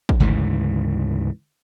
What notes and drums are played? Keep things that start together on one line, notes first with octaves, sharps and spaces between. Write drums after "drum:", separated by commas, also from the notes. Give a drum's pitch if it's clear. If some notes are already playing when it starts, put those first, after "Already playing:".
drum: kick
D2 G#2 C#3 E3